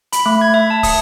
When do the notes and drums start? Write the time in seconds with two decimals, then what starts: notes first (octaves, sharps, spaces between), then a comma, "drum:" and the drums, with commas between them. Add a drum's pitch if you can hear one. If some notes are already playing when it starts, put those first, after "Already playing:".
0.12 B5, drum: hi-hat
0.26 A3
0.41 G#6
0.54 E5
0.70 A5
0.83 D#6, drum: kick, open hi-hat